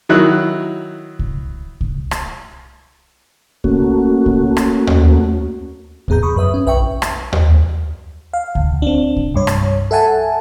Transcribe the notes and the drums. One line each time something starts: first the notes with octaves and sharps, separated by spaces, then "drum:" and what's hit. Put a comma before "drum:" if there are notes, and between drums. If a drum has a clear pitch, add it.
D#3 F#3 E4 F#6
drum: kick C2
drum: kick C2
drum: rim click
A3 A#3 C#4 F#4, drum: kick C2
drum: kick C2
drum: rim click
drum: tom D#2
E2 A2 B3 G#4 A#5 G6, drum: kick C2
B5 C#6 D#6
F#2 B4 E5 D#6
C#4
B1 B4 E5 G5 C#6
A1
drum: rim click
drum: tom D#2
F5
D2, drum: kick C2
C4 D4
drum: kick C2
C2 G2 C#5
drum: rim click
A4 E5 F#5 G#5 A5